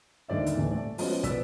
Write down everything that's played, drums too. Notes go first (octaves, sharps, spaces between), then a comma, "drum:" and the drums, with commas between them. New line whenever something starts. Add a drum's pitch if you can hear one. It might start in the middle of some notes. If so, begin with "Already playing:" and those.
D#1 D3 D#3 D5 E5
drum: hi-hat
D#1 E3
A3 D5
F3 G#3 B3 C#4 F#4, drum: open hi-hat
B1 F3 B3 D5 E6 B6, drum: kick, hi-hat